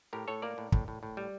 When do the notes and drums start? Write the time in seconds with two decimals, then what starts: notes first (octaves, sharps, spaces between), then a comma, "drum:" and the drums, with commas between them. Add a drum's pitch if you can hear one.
0.13 A2 G4 A#4
0.28 A2 A4 C#5
0.42 A#3 A#4 D5
0.58 A2
0.72 A2, drum: kick
0.88 A2
1.03 A2
1.17 G3